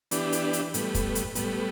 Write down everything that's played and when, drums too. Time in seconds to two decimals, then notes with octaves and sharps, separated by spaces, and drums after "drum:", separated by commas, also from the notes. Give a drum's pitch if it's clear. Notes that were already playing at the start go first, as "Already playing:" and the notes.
0.11 E3 B3 D4 G4, drum: hi-hat
0.32 drum: hi-hat
0.53 drum: hi-hat
0.74 A2 G3 B3, drum: hi-hat
0.95 drum: kick, hi-hat
1.15 drum: hi-hat
1.35 A2 G3 B3, drum: hi-hat